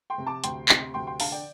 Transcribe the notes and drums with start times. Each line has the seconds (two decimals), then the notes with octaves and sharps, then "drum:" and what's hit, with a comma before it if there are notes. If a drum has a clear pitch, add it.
0.10 G5 C6
0.18 C3
0.26 A5 D6
0.44 D2 G5 C6, drum: hi-hat
0.69 C3, drum: clap
0.94 D2 G5 C6
1.07 G5 C6
1.20 D3 F5 A5, drum: open hi-hat
1.32 D5 G5